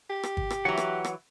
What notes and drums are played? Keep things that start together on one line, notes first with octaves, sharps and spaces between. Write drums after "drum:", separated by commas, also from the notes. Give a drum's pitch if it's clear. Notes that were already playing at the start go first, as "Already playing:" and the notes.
G4
drum: rim click
drum: kick G1
drum: rim click
E3 F#3 F#5 A#5
drum: rim click
drum: rim click